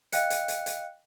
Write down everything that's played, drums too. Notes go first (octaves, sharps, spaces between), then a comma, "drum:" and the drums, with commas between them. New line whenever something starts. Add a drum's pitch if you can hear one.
D#5 F5 G5 F#6 C#7, drum: hi-hat
drum: hi-hat
drum: hi-hat
drum: hi-hat